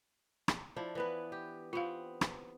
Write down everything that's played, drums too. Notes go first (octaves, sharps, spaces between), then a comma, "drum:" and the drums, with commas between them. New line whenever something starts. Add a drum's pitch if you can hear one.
drum: rim click
F3 D4 E4
E3 B3 B4
G4
B3 C4 F4 F5
drum: rim click